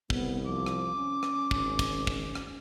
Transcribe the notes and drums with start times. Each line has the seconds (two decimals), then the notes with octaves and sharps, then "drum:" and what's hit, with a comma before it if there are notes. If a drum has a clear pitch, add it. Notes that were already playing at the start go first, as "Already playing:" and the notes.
0.10 C2 B3, drum: kick
0.46 F3 D6
0.66 drum: rim click
0.96 C#4
1.23 drum: rim click
1.51 G#1, drum: kick
1.79 drum: kick, cymbal
2.07 drum: kick
2.35 drum: rim click